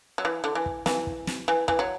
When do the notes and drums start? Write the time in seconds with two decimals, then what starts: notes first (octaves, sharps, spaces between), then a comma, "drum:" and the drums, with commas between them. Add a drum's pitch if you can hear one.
0.18 F#3
0.25 E3
0.44 D3
0.55 E3
0.66 drum: kick
0.86 E3, drum: snare
1.07 drum: kick
1.27 drum: snare
1.48 E3
1.68 E3, drum: kick
1.79 F#3